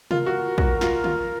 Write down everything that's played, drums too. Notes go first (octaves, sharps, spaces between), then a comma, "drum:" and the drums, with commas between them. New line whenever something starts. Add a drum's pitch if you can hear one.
F4 A#4, drum: tom C3
F#4
F#4, drum: kick
F4, drum: snare
F4, drum: tom D3